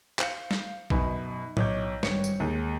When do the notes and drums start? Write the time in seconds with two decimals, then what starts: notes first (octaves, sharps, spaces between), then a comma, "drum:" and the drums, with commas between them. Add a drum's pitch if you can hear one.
0.19 C5 F5 G6 C#7, drum: clap
0.51 drum: snare
0.90 F#2 B2 D#4 G#5 B5, drum: kick A#1
1.57 B1 C#5 D6 G6, drum: tom A2
2.03 G#1 G2 C#5 C#7, drum: snare
2.24 drum: tambourine
2.40 D#2 G#3